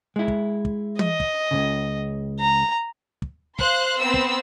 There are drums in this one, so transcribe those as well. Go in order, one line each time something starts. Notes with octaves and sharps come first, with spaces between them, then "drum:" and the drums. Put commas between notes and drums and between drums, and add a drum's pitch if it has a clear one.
G#3 E4
drum: kick
drum: kick
D#5, drum: tom
drum: kick
C#2 A2 C#3
A#5
drum: kick
C5 F5 C6 F#6, drum: kick
B3 C4 E6
drum: kick